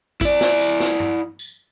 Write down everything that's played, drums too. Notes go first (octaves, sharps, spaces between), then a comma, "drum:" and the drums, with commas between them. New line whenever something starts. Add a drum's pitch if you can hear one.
E4 D5, drum: kick, tambourine
drum: snare
drum: tambourine
drum: snare
drum: tom
drum: tambourine